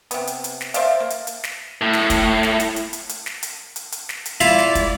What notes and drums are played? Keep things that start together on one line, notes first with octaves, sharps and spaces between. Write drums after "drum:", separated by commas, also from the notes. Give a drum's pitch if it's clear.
C3 B3, drum: hi-hat
drum: hi-hat
drum: hi-hat
drum: snare
C5 D5 E5 F5, drum: hi-hat
A#3
drum: hi-hat
drum: hi-hat
drum: snare
A2
drum: snare
drum: kick, hi-hat
drum: snare
drum: hi-hat
drum: hi-hat
drum: hi-hat
drum: hi-hat
drum: snare
drum: hi-hat
drum: hi-hat
drum: hi-hat
drum: snare
drum: hi-hat
G#3 E4 F4 D5 F5, drum: hi-hat
drum: snare
drum: kick, hi-hat